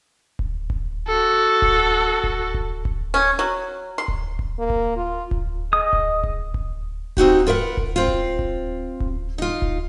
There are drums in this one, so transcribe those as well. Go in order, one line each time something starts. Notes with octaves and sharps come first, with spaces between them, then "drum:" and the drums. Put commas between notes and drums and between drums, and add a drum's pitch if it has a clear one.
drum: kick D1
drum: kick D1
F#4 A4
drum: kick D1
drum: kick D1
drum: kick D1
drum: kick D1
C#4
F#3
C6
drum: kick D1
drum: kick D1
A#3
drum: kick D1
F4
drum: kick D1
G#4 D#5 D#6
drum: kick D1
drum: kick D1
drum: kick D1
C4 D#4 F#4 G4, drum: kick D1
F4 A#4 B4 E5 F#5
drum: kick D1
C4 F4
drum: kick D1
drum: kick D1
drum: kick D1
D#4 F4
drum: kick D1